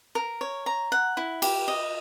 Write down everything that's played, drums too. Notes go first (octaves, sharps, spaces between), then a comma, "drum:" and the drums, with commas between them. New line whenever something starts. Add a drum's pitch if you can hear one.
A#4
C#5
A#5
F#5
E4
G4, drum: cymbal
D#5